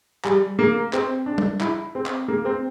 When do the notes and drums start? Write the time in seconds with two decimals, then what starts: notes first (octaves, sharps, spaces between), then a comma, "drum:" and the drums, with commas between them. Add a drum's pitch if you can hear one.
0.25 G3, drum: clap
0.59 A#3
0.93 C4, drum: clap
1.26 D4
1.38 drum: tom
1.61 E4, drum: clap
1.95 C4
2.06 drum: clap
2.28 A#3
2.45 C4